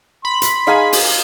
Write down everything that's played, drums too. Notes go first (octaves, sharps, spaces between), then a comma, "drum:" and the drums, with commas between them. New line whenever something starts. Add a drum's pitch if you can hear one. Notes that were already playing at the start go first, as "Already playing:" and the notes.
B5 C6
drum: hi-hat
D#4 G#4 F5 G#5
drum: open hi-hat